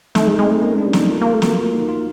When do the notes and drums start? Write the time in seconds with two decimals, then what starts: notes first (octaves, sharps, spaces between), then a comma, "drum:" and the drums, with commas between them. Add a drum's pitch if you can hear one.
0.15 A3 D#4, drum: snare
0.27 G#3
0.38 G#3 C4
0.51 A3
0.62 A#3 C#4
0.74 G#3 D4
0.86 G3
0.93 A3 D#4, drum: snare
1.10 A#3 F4
1.21 A#3 F4
1.34 A3
1.42 A#3 F#4, drum: snare
1.57 F4
1.73 D#4
1.88 F4